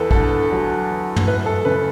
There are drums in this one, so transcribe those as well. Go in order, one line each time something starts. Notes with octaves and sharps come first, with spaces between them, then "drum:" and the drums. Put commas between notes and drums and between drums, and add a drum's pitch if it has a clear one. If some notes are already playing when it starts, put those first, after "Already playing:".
Already playing: E2 A4 B4
D3 A4, drum: kick
F#3
E2
drum: tom
F#2 B4
A4
C#3 B4